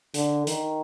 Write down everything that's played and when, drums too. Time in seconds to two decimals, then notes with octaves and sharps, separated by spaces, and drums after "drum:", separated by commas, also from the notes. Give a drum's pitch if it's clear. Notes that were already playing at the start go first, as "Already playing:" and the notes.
0.14 D3, drum: hi-hat
0.47 D#3, drum: hi-hat